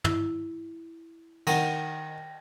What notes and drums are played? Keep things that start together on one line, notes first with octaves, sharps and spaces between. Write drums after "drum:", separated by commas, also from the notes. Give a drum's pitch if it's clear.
E4, drum: tom
D#3 F#5 G5 A#6, drum: cymbal